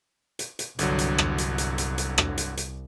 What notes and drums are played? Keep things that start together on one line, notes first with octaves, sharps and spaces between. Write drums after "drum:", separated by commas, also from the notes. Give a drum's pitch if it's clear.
drum: hi-hat
drum: hi-hat
G1 C2 D3 F#3, drum: hi-hat
drum: hi-hat
drum: rim click
drum: hi-hat
drum: hi-hat
drum: hi-hat
drum: hi-hat
drum: rim click
drum: hi-hat
drum: hi-hat